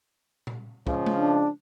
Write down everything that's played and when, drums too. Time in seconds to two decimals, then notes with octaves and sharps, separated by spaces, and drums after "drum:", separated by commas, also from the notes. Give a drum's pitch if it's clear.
0.47 drum: tom A#2
0.87 C#3 F3 G#3, drum: kick
1.06 drum: tom G#3
1.16 D4